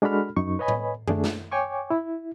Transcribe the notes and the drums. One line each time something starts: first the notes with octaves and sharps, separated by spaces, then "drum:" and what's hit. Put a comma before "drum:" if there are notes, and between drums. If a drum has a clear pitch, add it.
G#3 D4 F#4 A4 B5 F6
F#2 D#4 C#6
B4 C#5 D#5 G#5 B5
drum: tom A2
A3 D4 G#4, drum: tom F#2
drum: snare
C#5 G5 G#5 C#6 D6
E4